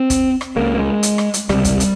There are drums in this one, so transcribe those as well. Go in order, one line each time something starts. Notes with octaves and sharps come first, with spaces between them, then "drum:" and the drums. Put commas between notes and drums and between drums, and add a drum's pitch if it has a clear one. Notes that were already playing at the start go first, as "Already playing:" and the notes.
Already playing: C4
drum: kick, hi-hat
drum: rim click
C#2 C#3 A#3
A#3
G#3
drum: hi-hat
drum: rim click
drum: hi-hat
C#2 C3 G3, drum: rim click
drum: kick, hi-hat
drum: hi-hat